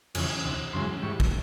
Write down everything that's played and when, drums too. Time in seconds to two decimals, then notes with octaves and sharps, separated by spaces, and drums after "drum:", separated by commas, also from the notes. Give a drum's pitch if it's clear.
0.15 F2 C#3 E3 G#5, drum: cymbal
0.30 G#5
0.44 D2 C3 E3
0.73 F#2 C#3 E3 G#3 C6
1.02 G#2 E3 G3 C#6
1.20 drum: kick